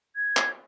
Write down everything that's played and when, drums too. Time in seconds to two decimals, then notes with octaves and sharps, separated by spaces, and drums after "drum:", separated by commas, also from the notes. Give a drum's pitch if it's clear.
0.16 G#6
0.37 drum: clap